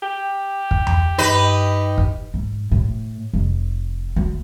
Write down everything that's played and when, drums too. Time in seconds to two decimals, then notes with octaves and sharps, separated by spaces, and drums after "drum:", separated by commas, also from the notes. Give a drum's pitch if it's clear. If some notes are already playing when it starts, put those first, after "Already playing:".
0.02 G4
0.71 drum: kick
0.87 drum: tom E2
1.18 G2 D#4 B4
1.98 drum: kick
2.34 G#2
2.71 A2
3.33 F1
4.16 D2